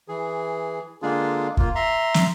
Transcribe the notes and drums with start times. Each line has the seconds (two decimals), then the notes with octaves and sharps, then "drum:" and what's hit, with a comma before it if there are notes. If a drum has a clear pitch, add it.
0.08 E3 G#4
1.02 D3 G#3 A#3 D4 F4 G#4
1.57 A#3 F4, drum: kick
1.75 E5 A#5 C6
2.14 drum: snare